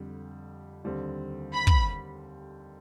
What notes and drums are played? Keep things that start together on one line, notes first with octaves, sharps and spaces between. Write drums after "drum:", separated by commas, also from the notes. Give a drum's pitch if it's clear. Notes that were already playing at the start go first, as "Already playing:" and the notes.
Already playing: F2 D3 G3
D#2 D3 G3 C4
B5
drum: kick